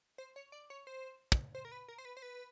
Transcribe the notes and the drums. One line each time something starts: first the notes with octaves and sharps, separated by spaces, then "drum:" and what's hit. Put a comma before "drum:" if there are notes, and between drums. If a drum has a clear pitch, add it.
C5
C#5
D5
C#5
C5
drum: kick
C5
A#4
B4
A#4
C5
B4
C5
B4